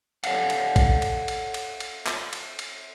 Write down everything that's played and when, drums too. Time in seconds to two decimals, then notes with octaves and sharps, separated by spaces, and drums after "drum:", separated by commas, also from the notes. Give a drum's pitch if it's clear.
0.24 A4 C#5 D5 F5 F#5, drum: cymbal
0.50 drum: cymbal
0.76 drum: kick, cymbal
1.02 drum: cymbal
1.28 drum: cymbal
1.54 drum: cymbal
1.80 drum: cymbal
2.07 drum: clap
2.33 drum: cymbal
2.59 drum: cymbal